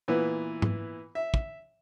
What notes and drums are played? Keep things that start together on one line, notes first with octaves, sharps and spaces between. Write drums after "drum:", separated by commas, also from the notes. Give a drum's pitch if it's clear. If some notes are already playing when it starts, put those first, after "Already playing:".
A#2 E3 B3
drum: tom G#2
E5
drum: kick